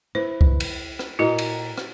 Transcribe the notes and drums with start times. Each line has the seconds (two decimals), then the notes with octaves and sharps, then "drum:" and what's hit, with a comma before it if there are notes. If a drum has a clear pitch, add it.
0.15 E4 B4 C5
0.41 drum: kick C2
0.60 drum: cymbal
0.99 drum: rim click
1.19 A#2 E4 F#4 A#4 D#5 G#5
1.38 drum: cymbal
1.78 drum: rim click